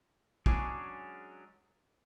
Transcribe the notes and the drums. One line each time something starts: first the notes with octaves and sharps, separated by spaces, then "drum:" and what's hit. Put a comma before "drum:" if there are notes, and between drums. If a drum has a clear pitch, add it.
F#3 G#3 C#4 D4 G#4, drum: kick